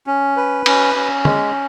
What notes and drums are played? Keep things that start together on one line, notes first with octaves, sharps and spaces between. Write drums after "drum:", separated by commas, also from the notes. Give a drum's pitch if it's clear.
C#4
B4
C#4, drum: cymbal
C#4
G#3, drum: tom